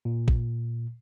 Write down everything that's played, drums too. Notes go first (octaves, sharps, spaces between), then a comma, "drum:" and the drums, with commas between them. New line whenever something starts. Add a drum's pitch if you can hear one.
A#2
drum: kick